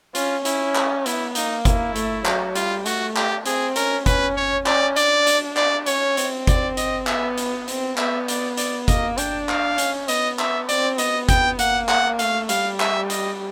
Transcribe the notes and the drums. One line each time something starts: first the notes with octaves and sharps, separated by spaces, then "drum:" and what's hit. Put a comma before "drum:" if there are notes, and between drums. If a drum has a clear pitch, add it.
C#4 F4, drum: hi-hat
C#4 E4, drum: hi-hat
drum: clap
B3 E4, drum: hi-hat
A#3 D#4, drum: hi-hat
E4, drum: kick F#1, hi-hat
A3, drum: hi-hat
F#3, drum: clap
G3 F4, drum: hi-hat
A3 F#4, drum: hi-hat
G4, drum: clap
C4 G#4, drum: hi-hat
C#4 A#4, drum: hi-hat
C#4 B4, drum: kick F#1, hi-hat
C#5
C#4 D5, drum: clap
D4 D5, drum: hi-hat
drum: hi-hat
D5, drum: clap
C#4 C#5, drum: hi-hat
C4, drum: hi-hat
D5, drum: kick F#1, hi-hat
D#5, drum: hi-hat
B3 E5, drum: clap
drum: hi-hat
C4, drum: hi-hat
B3 E5, drum: clap
D5, drum: hi-hat
D5, drum: hi-hat
A#3 D#5, drum: kick F#1, hi-hat
D4 G5, drum: hi-hat
F5, drum: clap
C#4, drum: hi-hat
B3 D#5, drum: hi-hat
E5, drum: clap
C4 D5, drum: hi-hat
B3 D#5, drum: hi-hat
G5, drum: kick F#1, hi-hat
A#3 F#5, drum: hi-hat
F#5, drum: clap
A3 F5, drum: hi-hat
G3 F5, drum: hi-hat
E5, drum: clap
D#5, drum: hi-hat